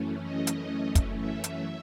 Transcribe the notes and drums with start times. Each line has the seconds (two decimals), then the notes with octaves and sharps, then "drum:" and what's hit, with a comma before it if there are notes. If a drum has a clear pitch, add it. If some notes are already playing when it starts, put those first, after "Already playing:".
Already playing: F#2 E3 A3 C#4
0.23 D#5
0.47 drum: hi-hat
0.95 drum: kick, hi-hat
1.20 E5
1.44 drum: hi-hat